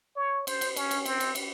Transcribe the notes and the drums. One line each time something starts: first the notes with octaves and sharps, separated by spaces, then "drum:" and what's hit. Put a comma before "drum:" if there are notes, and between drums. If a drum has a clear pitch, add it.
C#5
C5, drum: cymbal
drum: cymbal
C#4, drum: cymbal
drum: cymbal
C4, drum: cymbal
drum: cymbal
drum: cymbal